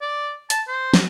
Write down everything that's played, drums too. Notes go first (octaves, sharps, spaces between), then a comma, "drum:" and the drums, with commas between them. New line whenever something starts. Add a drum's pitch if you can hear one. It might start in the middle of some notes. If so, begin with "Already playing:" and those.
D5
A5, drum: hi-hat
C5
drum: snare